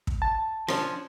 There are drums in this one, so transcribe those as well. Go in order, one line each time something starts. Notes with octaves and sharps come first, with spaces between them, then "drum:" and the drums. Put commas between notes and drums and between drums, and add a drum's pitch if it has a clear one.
drum: kick
A5
F3 C#4 D4, drum: rim click